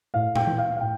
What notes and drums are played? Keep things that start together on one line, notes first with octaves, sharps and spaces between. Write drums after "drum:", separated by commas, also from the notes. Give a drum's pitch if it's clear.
A2 F5
G5, drum: tom A#2
E3
F5
F5
A2 G5